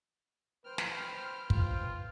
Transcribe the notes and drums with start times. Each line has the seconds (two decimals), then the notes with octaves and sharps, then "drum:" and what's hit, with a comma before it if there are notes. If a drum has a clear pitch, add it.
0.65 B4 C5 G5 F6
0.78 drum: snare
1.50 F4, drum: kick